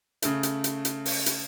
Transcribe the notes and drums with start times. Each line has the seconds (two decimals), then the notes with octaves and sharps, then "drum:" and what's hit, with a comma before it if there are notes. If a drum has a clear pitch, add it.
0.22 C#3 A3, drum: hi-hat
0.43 drum: hi-hat
0.64 drum: hi-hat
0.85 drum: hi-hat
1.05 drum: open hi-hat
1.26 drum: hi-hat